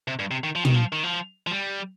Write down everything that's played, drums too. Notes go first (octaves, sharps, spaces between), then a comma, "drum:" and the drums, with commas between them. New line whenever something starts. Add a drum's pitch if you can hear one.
C3
G2
C3
D#3
F3
D#3, drum: tom
F3
D#3
F3
F3
G3